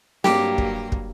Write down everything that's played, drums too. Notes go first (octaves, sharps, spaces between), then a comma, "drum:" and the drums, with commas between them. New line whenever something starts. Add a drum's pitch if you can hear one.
G2 F#3 A#3 G4, drum: snare
drum: kick
drum: kick